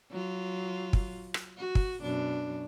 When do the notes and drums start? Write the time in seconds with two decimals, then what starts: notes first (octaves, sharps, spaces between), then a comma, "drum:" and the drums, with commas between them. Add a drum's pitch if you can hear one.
0.11 F#3 F4
0.93 drum: kick
1.34 drum: rim click
1.57 F#4
1.75 drum: kick
2.01 F#2 B2 D4